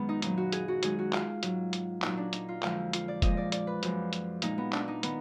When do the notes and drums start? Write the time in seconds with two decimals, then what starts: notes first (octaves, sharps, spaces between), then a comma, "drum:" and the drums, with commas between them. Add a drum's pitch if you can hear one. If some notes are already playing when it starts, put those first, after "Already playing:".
Already playing: F#2 D#3 G#3 B3
0.09 D#4
0.22 A#2 F#3 D#4, drum: hi-hat
0.38 F#4
0.52 G#4, drum: hi-hat
0.68 F#4
0.83 F#2 D#3 G#3 G#4, drum: hi-hat
0.99 F#4
1.13 F4, drum: clap
1.43 G#2 F#3, drum: hi-hat
1.73 drum: hi-hat
2.02 A#2 F#3 D#4, drum: clap
2.17 D4
2.33 D#4, drum: hi-hat
2.48 F4
2.63 F2 D3 F3 G#3, drum: clap
2.93 F4, drum: hi-hat
3.08 D5
3.22 A#2 F3 G#3 D#5, drum: kick, hi-hat
3.37 D5
3.52 D5, drum: hi-hat
3.67 B4
3.83 F#2 F3 G#3, drum: hi-hat
4.13 drum: hi-hat
4.42 A#2 G#3 D#4, drum: hi-hat
4.58 B3
4.73 D4, drum: clap
4.88 D#4
5.03 D#3 B3, drum: hi-hat